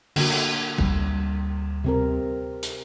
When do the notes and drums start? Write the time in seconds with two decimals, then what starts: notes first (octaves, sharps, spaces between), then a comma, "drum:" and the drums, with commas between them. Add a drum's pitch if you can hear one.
0.16 D3 A#3 F#4, drum: cymbal
0.30 drum: cymbal
0.78 D2 G3, drum: kick
1.84 C3 C4 A#4
2.63 drum: hi-hat